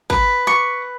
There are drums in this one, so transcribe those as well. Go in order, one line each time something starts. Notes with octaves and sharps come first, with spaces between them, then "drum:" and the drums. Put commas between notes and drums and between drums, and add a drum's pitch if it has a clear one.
B4, drum: kick G#1
C#6